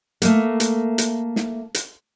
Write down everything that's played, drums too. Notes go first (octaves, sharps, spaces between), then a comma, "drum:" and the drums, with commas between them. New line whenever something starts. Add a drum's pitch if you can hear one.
A3 A#3, drum: hi-hat
drum: hi-hat
drum: hi-hat
drum: snare
drum: hi-hat